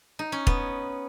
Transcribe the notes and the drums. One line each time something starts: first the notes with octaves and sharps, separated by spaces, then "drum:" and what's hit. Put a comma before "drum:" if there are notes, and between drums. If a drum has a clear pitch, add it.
D#4
C#4
B3, drum: kick